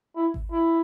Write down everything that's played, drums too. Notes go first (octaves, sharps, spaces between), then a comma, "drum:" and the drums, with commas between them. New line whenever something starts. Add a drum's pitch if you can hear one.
E4
drum: kick G#1
E4